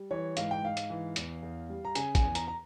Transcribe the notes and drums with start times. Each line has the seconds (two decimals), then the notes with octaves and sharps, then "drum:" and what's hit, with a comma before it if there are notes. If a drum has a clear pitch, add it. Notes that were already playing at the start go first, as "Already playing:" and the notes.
Already playing: G3
0.11 E3 C#5
0.37 G#2 F5, drum: hi-hat
0.51 G5
0.64 G#2 F5
0.77 drum: hi-hat
0.90 E3
1.16 E2, drum: hi-hat
1.42 E2
1.69 G3
1.85 A#5
1.95 C#3 G#5, drum: hi-hat
2.15 G#5, drum: kick, hi-hat
2.22 E2
2.35 A#5, drum: hi-hat
2.48 A#5